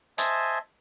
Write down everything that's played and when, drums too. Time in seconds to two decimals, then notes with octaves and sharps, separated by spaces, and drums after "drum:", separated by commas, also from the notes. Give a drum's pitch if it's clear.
0.18 C5 D#5 E5 G#5 A5, drum: hi-hat